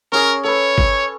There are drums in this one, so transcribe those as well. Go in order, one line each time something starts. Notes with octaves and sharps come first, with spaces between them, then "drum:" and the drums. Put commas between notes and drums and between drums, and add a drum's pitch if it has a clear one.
C#4 G#4 A#4
A4 B4 C#5
drum: kick G#1